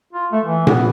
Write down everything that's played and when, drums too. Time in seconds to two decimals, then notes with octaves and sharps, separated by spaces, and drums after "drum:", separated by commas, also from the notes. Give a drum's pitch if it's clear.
0.13 F4
0.32 A3
0.45 E3
0.67 B3, drum: tom A#2